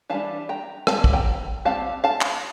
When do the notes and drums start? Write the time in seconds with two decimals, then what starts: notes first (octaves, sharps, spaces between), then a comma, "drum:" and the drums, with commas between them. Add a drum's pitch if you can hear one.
0.10 E3 G3 D4 F5 A5
0.49 G5 A#5
0.87 G3 C4 F5 A5, drum: rim click
1.04 drum: kick
1.13 G5 A#5
1.65 G3 C4 F5 A5
2.04 F5 A5
2.21 drum: clap